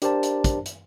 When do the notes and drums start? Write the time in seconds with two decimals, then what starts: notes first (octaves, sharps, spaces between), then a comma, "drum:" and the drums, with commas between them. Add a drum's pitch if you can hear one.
0.02 D4 G4 A#4 C5 D5 A5, drum: hi-hat
0.23 drum: hi-hat
0.44 drum: kick, hi-hat
0.66 drum: hi-hat